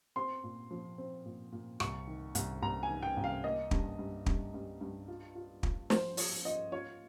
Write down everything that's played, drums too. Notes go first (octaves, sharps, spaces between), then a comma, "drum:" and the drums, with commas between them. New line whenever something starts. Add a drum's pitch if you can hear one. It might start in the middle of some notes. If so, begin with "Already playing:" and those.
C4 C6
A#2
F3
C4
A#2
A#2
C2 C#6, drum: rim click
D#3
C2, drum: hi-hat
C2 A#5
G#5
D#3
G5
C2
F5
A#3 D#5
G2, drum: kick
G2
G2, drum: kick
G2
G2
F4
F4
F4, drum: kick
F3 C5, drum: snare
F4 C#5, drum: open hi-hat
F4 D#5
F4 C#5